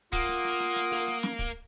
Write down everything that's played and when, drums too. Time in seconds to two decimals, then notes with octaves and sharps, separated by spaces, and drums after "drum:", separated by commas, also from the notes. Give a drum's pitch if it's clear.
0.13 A#3 F4 F#5 D#6, drum: kick
0.28 drum: hi-hat
0.44 drum: hi-hat
0.60 drum: hi-hat
0.76 drum: hi-hat
0.92 drum: open hi-hat
1.07 drum: hi-hat
1.23 drum: snare
1.39 drum: kick, hi-hat